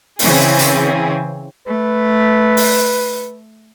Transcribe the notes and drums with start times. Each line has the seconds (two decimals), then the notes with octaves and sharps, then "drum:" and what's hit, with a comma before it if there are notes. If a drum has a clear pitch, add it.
0.19 C#3 E3 C4 G#4, drum: open hi-hat
0.59 drum: hi-hat
1.67 A3 B4
2.57 drum: open hi-hat